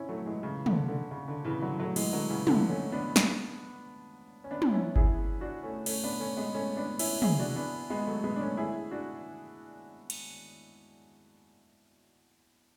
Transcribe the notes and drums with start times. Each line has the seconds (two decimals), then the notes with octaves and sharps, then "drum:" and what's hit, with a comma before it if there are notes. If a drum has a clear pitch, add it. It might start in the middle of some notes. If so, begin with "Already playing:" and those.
Already playing: C#4 E4
0.09 F#3 A3
0.26 E3 G#3
0.43 C#3 E3
0.66 D3, drum: tom
0.89 D3
1.11 C#3
1.28 D3
1.45 C#3 E3
1.62 D3 F#3
1.79 F#3 A3
1.96 E3 G#3, drum: cymbal
2.13 D3 F#3
2.30 C#3 E3
2.47 D3, drum: tom
2.69 A3 C#4
2.92 B3 D4
3.16 drum: snare
4.44 C#4
4.51 B3 D4
4.62 drum: tom
4.73 C#4 E4
4.96 E4 G#4, drum: kick G1
5.41 D4 F#4
5.63 A3 C#4
5.86 A3 C#4, drum: cymbal
6.04 B3 D4
6.20 A3 C#4
6.37 G#3 B3
6.55 A3 C#4
6.77 B3 D4
6.99 C#4 E4, drum: cymbal
7.22 E4 G#4, drum: tom
7.39 D4 F#4
7.56 B3 D4
7.90 G#3 B3
8.07 F#3 A3
8.24 G#3 B3
8.36 D4
8.41 A3 C#4
8.57 E4 G#4
8.91 D4 F#4
10.10 drum: cymbal